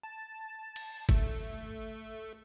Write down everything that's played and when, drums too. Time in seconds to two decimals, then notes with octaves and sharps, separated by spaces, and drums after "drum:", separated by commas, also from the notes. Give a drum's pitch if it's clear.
0.03 A5
0.76 drum: cymbal
1.09 A3, drum: kick G1